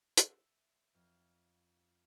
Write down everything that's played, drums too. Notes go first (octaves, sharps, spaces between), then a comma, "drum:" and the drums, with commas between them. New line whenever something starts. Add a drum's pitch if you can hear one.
E5, drum: hi-hat
F2